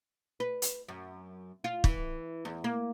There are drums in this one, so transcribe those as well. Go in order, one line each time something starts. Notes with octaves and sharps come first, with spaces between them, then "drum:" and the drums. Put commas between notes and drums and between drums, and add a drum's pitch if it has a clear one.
B4
drum: hi-hat
F#2
F4
E3, drum: kick
E2
A#3